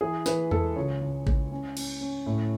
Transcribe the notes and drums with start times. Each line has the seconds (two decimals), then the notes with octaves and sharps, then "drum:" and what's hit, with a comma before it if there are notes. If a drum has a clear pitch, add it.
0.01 E3 G#4
0.26 E3 B4, drum: snare
0.51 G#3 A4, drum: tom E2
0.76 C#2 C#5
1.01 C#2
1.27 G#3, drum: kick A1
1.52 C#4
1.77 C#4, drum: cymbal
2.01 C#4
2.26 A2